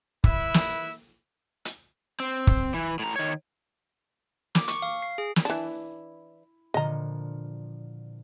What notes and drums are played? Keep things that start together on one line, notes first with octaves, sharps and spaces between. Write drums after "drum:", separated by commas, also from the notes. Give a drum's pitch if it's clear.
E4 B4 E5, drum: kick
drum: snare
drum: hi-hat
C4
drum: kick
E3
A2 A#5
D#3 C#5
D6, drum: snare
C#6, drum: hi-hat
F5
C7
G#4
drum: snare
E3 D4 E4
A#2 D3 F3 D#5 A#5